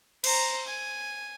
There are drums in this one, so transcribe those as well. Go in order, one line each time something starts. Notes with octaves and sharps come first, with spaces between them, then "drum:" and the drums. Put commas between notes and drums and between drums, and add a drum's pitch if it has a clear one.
C5 A#5, drum: cymbal
G#5